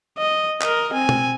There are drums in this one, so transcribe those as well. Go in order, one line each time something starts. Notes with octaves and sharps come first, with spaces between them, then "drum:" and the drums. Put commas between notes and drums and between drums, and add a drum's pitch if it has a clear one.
D#5
A#4 D#5, drum: clap
C4 G#5
drum: tom B2